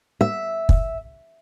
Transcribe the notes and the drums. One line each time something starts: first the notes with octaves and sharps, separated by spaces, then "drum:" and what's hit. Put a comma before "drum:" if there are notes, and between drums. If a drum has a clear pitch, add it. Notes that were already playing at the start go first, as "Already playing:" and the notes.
E5
drum: kick